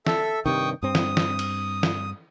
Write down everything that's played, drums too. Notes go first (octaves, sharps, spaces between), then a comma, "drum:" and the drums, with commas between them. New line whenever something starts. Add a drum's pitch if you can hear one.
A4 E5, drum: snare
G2 C3 D#3 G5 C#6 D#6
G2 C4 D#6
drum: snare
drum: snare
drum: cymbal
drum: snare